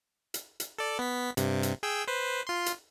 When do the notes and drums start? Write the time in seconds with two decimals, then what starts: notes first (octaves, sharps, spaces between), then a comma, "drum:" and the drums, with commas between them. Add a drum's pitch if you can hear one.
0.34 drum: hi-hat
0.60 drum: hi-hat
0.78 A4 D5
0.99 B3 B6
1.37 G2 C3, drum: hi-hat
1.63 drum: hi-hat
1.83 G#4 G5 E6
2.07 B4 C5
2.47 F4 C6
2.66 drum: hi-hat